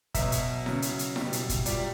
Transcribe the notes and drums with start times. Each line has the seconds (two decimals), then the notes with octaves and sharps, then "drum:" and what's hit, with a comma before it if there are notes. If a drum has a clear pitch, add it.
0.14 B2 F#3 E5, drum: kick, hi-hat
0.32 drum: hi-hat
0.66 C#3 F#3, drum: snare E4
0.82 drum: hi-hat
0.99 drum: hi-hat
1.16 B2 G3, drum: snare E4
1.33 drum: hi-hat
1.49 drum: kick, hi-hat
1.66 A#2 G3 D5, drum: hi-hat